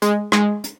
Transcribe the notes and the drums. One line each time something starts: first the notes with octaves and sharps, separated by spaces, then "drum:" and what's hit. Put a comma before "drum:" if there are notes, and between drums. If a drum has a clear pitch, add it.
G#3, drum: hi-hat
G#3, drum: rim click
drum: hi-hat